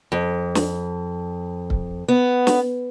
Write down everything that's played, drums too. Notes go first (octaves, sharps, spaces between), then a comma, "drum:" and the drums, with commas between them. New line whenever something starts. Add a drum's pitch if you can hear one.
F2
drum: snare
drum: kick C#1
B3
drum: snare